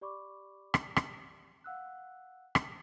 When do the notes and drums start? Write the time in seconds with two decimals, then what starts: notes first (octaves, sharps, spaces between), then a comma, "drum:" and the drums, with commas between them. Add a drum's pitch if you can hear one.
0.01 G4 D5 B5 C#6 D6
0.74 drum: rim click
0.96 drum: rim click
1.64 F5 F#5 E6 F#6
2.55 drum: rim click